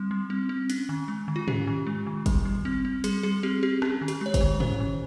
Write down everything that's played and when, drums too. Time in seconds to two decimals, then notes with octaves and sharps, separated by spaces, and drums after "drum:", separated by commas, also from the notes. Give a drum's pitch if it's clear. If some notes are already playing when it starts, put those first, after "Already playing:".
Already playing: G3 C4
0.11 G3
0.30 C4
0.49 C4
0.70 C#4, drum: hi-hat
0.89 D#3
1.08 G#3
1.28 D#3
1.36 F4
1.48 C#4 G4, drum: tom G#2
1.67 D#3
1.87 G#3
2.07 D#3
2.26 G3, drum: kick, hi-hat
2.45 G3
2.65 C4
2.85 C4
3.04 G3 G#4, drum: hi-hat
3.23 G3 G#4
3.43 C4 G4
3.63 C4 G4
3.82 C#4, drum: rim click
4.01 D#3
4.08 G4, drum: hi-hat
4.21 G#3 C#5
4.34 C5, drum: kick, hi-hat
4.41 D#3
4.60 C#4 C5, drum: tom G#2
4.80 D#3